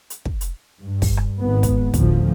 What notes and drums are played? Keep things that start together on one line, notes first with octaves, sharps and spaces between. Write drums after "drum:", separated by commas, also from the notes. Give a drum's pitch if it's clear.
drum: hi-hat
drum: kick
drum: hi-hat
G2
drum: kick, open hi-hat
drum: rim click
G#1 B3
drum: kick, hi-hat
D2 A2 F3, drum: kick, hi-hat